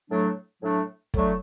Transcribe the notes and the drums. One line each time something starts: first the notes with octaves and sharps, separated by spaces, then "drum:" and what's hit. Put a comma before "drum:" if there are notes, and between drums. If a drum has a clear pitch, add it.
A2 F#3 A3 D4
A2 F#3 A3 D4
A2 F#3 A3 D4, drum: kick